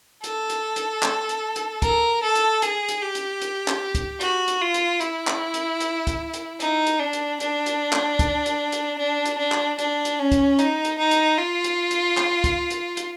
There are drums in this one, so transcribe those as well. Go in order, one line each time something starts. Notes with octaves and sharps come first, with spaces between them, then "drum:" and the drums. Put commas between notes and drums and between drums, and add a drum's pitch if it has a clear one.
A4, drum: hi-hat
drum: hi-hat
drum: hi-hat
drum: clap
drum: hi-hat
drum: hi-hat
A#4, drum: kick C#2, hi-hat
A4
drum: hi-hat
G#4, drum: hi-hat
drum: hi-hat
G4
drum: hi-hat
drum: hi-hat
drum: clap
drum: kick C#2, hi-hat
F#4, drum: hi-hat
drum: hi-hat
F4
drum: hi-hat
E4, drum: hi-hat
drum: clap
drum: hi-hat
drum: hi-hat
drum: kick C#2, hi-hat
drum: hi-hat
D#4, drum: hi-hat
drum: hi-hat
D4
drum: hi-hat
D4, drum: hi-hat
drum: hi-hat
drum: clap
drum: kick C#2, hi-hat
drum: hi-hat
drum: hi-hat
D4
drum: hi-hat
D4
drum: clap
D4, drum: hi-hat
drum: hi-hat
C#4
drum: kick C#2, hi-hat
D#4, drum: hi-hat
drum: hi-hat
D#4
drum: hi-hat
F4
drum: hi-hat
drum: hi-hat
drum: clap
drum: kick C#2, hi-hat
drum: hi-hat
drum: hi-hat